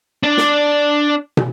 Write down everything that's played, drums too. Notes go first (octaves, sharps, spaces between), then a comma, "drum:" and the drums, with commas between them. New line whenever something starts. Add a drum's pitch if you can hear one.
D4 D5
drum: snare
drum: tom